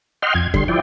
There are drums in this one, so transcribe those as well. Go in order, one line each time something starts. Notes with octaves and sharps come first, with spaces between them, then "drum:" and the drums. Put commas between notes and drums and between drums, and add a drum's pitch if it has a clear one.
D#5 F#5 G5 C6 F6
F2 G#6
D3 G3 C6, drum: kick
F3 E4 D5 G5